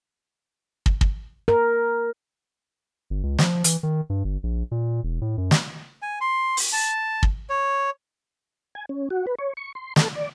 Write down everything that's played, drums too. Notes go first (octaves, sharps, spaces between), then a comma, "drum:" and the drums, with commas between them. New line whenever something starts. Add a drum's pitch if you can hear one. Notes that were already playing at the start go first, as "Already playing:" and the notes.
drum: kick
drum: kick
A#4
G1
C#2
F3, drum: snare
E3, drum: hi-hat
D#3
G2
G1
A#1
A#2
E1
A2
F#2
drum: snare
G#5
C6
drum: open hi-hat
A5
drum: kick
C#5
G#5
C#4
F#4
B4
C#5
C#6
C6
A4, drum: snare
D5